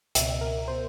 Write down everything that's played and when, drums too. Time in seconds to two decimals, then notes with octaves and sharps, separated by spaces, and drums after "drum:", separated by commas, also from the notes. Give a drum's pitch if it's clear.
0.15 C#2 B2 E5, drum: hi-hat
0.41 A#4
0.68 B2 C5